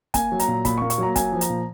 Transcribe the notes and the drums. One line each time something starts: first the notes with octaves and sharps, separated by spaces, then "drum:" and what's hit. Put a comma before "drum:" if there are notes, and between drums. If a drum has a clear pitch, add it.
A#3 G#5, drum: kick, hi-hat
F#3
A#5, drum: hi-hat
A#2
A#2 B5, drum: kick, hi-hat
C#6
A#3
C#6, drum: hi-hat
F#3 A#5
A#3 G#5, drum: kick, hi-hat
F3
A#5, drum: hi-hat
A#2